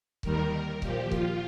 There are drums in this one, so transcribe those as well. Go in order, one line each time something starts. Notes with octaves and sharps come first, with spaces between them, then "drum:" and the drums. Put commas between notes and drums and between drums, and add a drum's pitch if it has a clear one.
D#2 D#3 G3 A#4, drum: kick C#1
A#2 F3 G4, drum: kick C#1
F4, drum: kick C#1